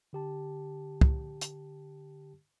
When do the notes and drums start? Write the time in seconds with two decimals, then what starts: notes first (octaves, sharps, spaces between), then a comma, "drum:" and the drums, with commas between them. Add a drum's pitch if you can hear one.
0.13 D3 G4 A5
1.01 drum: kick
1.41 drum: hi-hat